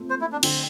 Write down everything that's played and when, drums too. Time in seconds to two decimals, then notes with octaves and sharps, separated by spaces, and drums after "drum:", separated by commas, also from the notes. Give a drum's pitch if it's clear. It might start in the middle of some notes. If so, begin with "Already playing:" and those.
Already playing: A#2 A3 C4
0.10 C5
0.21 E4
0.32 D4
0.43 D3 C4, drum: cymbal